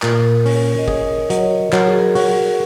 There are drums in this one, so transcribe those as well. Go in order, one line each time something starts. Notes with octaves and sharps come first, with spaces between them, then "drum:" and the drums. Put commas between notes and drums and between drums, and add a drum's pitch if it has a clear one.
A#2 A#4, drum: clap
C#4, drum: open hi-hat
D#5
G#4 C#5, drum: kick
A#4
F#3 D#5, drum: hi-hat
C#5
F#3 A#4, drum: clap
G#4
A#4
F#4, drum: open hi-hat